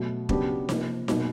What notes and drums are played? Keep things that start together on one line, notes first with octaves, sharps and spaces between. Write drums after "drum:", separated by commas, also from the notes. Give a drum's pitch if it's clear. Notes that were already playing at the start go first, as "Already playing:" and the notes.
Already playing: B2 F#3 A3
C#3 F#3 B3 D4 G4, drum: kick
C3 F3 A#3, drum: snare D#4
B2 F#3 A#3 D#4, drum: snare D#4